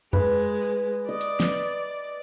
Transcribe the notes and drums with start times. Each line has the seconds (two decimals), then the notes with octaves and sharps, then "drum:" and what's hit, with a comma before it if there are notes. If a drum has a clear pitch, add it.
0.13 G#3 B4, drum: tom F2
1.09 D5 D#5
1.21 drum: hi-hat
1.40 drum: snare